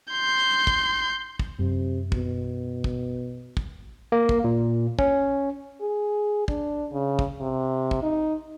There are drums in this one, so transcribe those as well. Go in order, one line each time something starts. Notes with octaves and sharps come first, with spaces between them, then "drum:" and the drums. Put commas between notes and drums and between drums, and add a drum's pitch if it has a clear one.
C6 G6
drum: kick
drum: kick
F#2 C3
B2, drum: kick
drum: kick
drum: kick
A#3
drum: kick
A#2
C#4, drum: kick
G#4
D4, drum: kick
C#3
drum: kick
C3
drum: kick
D#4